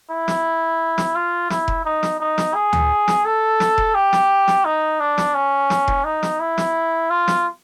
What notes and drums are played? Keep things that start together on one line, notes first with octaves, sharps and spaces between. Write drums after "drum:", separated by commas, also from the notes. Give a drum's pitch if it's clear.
E4
drum: snare
drum: snare
F4
E4, drum: snare
drum: kick F1
D#4
drum: snare
D#4
drum: snare
G#4
drum: tom D2
drum: snare
A4
drum: snare
drum: kick F1
G4
drum: snare
drum: snare
D#4
D4
drum: snare
C#4
drum: snare
drum: kick F1
D#4
drum: snare
E4
drum: snare
F4
drum: snare